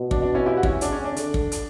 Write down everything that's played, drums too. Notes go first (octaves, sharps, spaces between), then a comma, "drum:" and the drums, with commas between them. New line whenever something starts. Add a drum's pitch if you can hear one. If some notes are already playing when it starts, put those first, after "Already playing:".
Already playing: B2
D4, drum: kick
D4
C#4 E4
E4 G4
F#4
C#4 E4, drum: kick
C#3 D4, drum: hi-hat
C#4
D4
D3, drum: hi-hat
drum: kick
drum: hi-hat